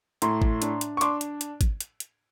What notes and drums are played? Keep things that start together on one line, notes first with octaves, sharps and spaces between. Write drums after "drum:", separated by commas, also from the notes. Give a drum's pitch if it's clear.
A2 A#5 C6, drum: hi-hat
drum: kick
D4, drum: hi-hat
drum: hi-hat
C#6
D4 C6 D6, drum: hi-hat
drum: hi-hat
drum: hi-hat
drum: kick, hi-hat
drum: hi-hat
drum: hi-hat